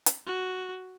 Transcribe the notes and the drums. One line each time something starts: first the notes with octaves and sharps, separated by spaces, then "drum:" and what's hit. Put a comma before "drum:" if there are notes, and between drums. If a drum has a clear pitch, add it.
drum: hi-hat
F#4